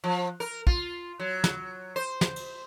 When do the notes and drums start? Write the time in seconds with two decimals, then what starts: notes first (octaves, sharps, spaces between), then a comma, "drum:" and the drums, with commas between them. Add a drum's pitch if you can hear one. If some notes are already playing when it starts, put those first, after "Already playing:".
0.04 F3
0.40 A#4
0.67 F4, drum: kick
1.20 F#3
1.44 drum: snare
1.96 C5
2.21 drum: snare
2.36 drum: cymbal